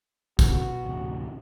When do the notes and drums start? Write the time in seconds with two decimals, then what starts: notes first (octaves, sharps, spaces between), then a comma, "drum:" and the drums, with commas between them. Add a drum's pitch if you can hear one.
0.39 B2 F#4, drum: kick, tambourine
0.84 A1 D2 C3